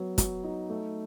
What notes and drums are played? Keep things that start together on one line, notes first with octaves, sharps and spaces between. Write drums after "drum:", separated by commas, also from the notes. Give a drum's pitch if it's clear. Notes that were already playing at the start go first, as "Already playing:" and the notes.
Already playing: F#3 B3
F#3, drum: kick, hi-hat
D#4
A3